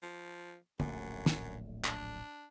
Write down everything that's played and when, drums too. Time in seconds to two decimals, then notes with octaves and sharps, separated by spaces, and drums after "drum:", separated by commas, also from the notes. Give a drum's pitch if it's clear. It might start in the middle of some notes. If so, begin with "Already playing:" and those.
0.02 F3
0.80 D1 A#1 F#2 A3, drum: tom
1.26 drum: snare
1.85 D4, drum: clap